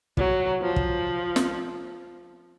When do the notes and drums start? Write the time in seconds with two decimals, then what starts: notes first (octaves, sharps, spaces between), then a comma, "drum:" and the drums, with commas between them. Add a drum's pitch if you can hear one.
0.17 F#3, drum: kick
0.62 F3
0.76 drum: kick
1.36 drum: snare